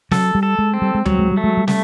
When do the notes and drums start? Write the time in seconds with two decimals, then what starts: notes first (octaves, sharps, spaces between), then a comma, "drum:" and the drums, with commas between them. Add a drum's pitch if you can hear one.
0.11 F#3 A4, drum: snare
0.35 G3
0.43 A4
0.59 G#3
0.74 C4
0.82 G3
0.95 G#3
1.05 F#3 G3, drum: tom D2
1.19 G#3
1.32 G3
1.37 A3
1.44 G#3
1.57 G3
1.68 A3, drum: snare